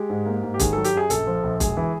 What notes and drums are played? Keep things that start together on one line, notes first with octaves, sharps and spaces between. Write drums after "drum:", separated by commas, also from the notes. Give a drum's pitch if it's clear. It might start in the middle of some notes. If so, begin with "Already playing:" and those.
Already playing: G#3 G4
G#2
A#3
G#2
G4
D#3 G#4, drum: kick, hi-hat
F#3 A4
G4, drum: hi-hat
F#2 G#4
A#1 A4, drum: hi-hat
F3
A#1
E1 G#4, drum: kick, hi-hat
E3